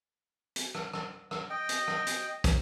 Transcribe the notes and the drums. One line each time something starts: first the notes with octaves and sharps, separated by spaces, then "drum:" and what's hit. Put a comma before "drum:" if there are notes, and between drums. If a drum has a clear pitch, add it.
drum: hi-hat
drum: rim click
drum: rim click
drum: rim click
D#5 G5
drum: hi-hat
drum: rim click
drum: hi-hat
drum: kick, hi-hat